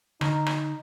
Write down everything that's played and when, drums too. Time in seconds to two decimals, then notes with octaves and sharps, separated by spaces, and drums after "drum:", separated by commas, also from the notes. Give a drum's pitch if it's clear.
0.21 D3 D#4 A#5, drum: rim click
0.46 drum: rim click